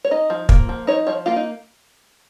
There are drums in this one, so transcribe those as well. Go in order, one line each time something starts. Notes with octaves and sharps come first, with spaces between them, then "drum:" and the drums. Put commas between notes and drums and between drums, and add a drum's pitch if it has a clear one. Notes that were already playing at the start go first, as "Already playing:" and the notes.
C#5
D#4 D#5
F3
A#3, drum: kick
F3
D#4 C#5
F3 C#5
A#3 F4
D#4